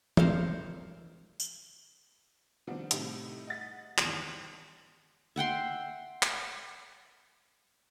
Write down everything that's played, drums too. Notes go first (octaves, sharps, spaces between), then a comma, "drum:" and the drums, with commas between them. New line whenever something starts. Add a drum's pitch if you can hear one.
A4 A#4 C5 F5, drum: tom
drum: tambourine
D#3 F3 G3 B3 C4 D4
A2 C3 D#3 G3 D#4, drum: hi-hat
D#5 F#5 A6 B6
G#1 E2 G2 D#3 E3, drum: clap
E5 F#5 G5 C6
drum: clap